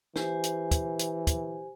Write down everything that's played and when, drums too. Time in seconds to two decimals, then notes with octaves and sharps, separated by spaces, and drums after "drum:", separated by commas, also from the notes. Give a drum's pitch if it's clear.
0.16 E3 G4 C5 G#5, drum: snare
0.44 drum: hi-hat
0.71 drum: kick, hi-hat
0.99 drum: hi-hat
1.27 drum: kick, hi-hat